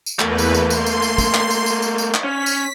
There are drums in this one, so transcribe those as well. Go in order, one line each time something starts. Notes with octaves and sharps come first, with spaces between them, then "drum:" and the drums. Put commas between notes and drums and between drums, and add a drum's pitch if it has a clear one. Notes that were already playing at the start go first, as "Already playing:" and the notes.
drum: tambourine
E2 A3 A#3 B4, drum: clap
drum: tambourine
drum: tambourine
C6, drum: tambourine
drum: tambourine
drum: tambourine
drum: kick, tambourine
drum: clap
drum: tambourine
drum: tambourine
drum: tambourine
drum: tambourine
drum: clap
C#4 B6
drum: tambourine